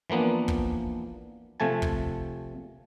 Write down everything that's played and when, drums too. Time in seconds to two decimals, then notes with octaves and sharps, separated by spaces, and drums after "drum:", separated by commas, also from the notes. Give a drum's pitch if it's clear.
0.10 E3 F3 A#3 B3 D4
0.48 drum: kick
1.60 C3 F3 A3 G#5 A5
1.82 drum: kick